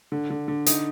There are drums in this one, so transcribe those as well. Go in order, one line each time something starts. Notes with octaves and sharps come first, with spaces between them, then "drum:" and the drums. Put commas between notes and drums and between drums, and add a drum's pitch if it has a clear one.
D3
D3
D3
D#4, drum: hi-hat